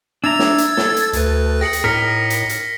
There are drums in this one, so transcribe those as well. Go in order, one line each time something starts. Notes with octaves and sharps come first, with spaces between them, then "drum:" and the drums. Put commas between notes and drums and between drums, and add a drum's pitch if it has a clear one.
D4 E5 A#5 E6 G#6 A6
drum: snare
drum: hi-hat
A4, drum: snare
drum: hi-hat
D2 B4, drum: hi-hat
G#4 G5 A#6 C#7 F#7
drum: hi-hat
A2 D#4 A#4 F6 B6 C#7
drum: hi-hat
drum: hi-hat